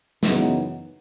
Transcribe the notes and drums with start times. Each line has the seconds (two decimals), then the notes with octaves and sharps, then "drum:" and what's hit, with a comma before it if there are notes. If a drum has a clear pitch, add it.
0.23 F#2 C#3 E3 B3 D#4, drum: snare